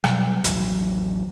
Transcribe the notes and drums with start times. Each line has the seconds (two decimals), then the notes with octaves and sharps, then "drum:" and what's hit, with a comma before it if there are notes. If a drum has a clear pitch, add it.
0.04 B2 F#3 G3, drum: rim click
0.44 A1 D#2 F#3, drum: hi-hat